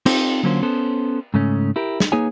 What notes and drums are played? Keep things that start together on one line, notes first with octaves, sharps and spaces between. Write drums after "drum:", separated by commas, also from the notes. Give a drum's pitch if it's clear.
C4 D#4 F4 G4 A4 C5, drum: cymbal
D3 F#3 A#3 C#4 F4 C5
B3 C#4 A4 C5
G#2 C#3 A3 C#4
E4 G4 A#4
drum: snare
A#3 D#4 G#4 B4 C#5 G#5